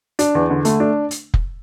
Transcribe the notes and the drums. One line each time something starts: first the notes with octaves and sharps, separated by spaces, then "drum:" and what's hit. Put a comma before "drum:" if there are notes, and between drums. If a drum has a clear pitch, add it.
D4, drum: hi-hat
E2
D3
A3, drum: hi-hat
D4
drum: hi-hat
drum: kick F1